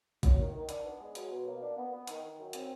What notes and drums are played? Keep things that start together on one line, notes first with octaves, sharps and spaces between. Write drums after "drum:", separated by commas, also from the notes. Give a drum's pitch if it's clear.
F#3, drum: kick A1, hi-hat
D#3
D#3
D4, drum: hi-hat
B3
G#3
F#3, drum: hi-hat
B2
A#3
D4
B3
B3
D#3, drum: hi-hat
D#3
F#2
C4, drum: hi-hat